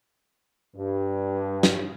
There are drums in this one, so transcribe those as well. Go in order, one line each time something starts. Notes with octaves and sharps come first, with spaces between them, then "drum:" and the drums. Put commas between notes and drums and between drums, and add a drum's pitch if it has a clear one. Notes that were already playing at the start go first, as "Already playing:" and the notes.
G2
drum: snare